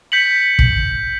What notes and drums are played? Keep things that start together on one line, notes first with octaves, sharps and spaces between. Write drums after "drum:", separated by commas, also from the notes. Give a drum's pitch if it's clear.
G6 B6 C#7 F#7
drum: kick